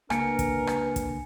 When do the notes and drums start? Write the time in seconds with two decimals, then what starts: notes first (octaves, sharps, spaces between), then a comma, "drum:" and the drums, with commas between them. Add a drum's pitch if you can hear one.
0.10 C#2 A#3 D4 A#4 B4 G#5 C#7, drum: rim click
0.39 drum: kick, hi-hat
0.67 drum: rim click
0.96 drum: kick, hi-hat